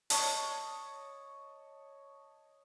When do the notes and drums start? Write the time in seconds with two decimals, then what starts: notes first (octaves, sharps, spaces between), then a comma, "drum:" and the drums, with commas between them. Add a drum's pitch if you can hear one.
0.10 C#5 D#5 A5, drum: open hi-hat